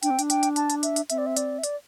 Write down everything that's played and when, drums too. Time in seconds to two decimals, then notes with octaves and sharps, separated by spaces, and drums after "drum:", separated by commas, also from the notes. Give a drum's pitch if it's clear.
0.03 D4 G5, drum: hi-hat
0.10 C4
0.19 D4, drum: hi-hat
0.30 G5, drum: hi-hat
0.43 drum: hi-hat
0.56 A5, drum: hi-hat
0.70 drum: hi-hat
0.83 E5, drum: hi-hat
0.96 drum: hi-hat
1.10 C4 E5, drum: hi-hat
1.18 D5
1.26 E5
1.37 D5, drum: hi-hat
1.58 E5
1.64 D5, drum: hi-hat